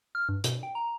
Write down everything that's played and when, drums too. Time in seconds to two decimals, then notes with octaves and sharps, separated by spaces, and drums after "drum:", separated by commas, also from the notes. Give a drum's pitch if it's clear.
0.15 F6
0.29 G2
0.44 B2, drum: hi-hat
0.63 G5
0.75 A#5